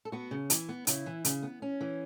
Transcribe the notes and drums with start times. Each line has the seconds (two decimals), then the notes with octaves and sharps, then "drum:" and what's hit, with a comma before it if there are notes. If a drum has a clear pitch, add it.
0.05 A4
0.12 B3 F#4
0.31 C#3
0.50 E3, drum: hi-hat
0.69 B3
0.87 C#3 E4, drum: hi-hat
1.06 E3
1.25 C#3, drum: hi-hat
1.43 B3
1.62 C#4
1.81 E3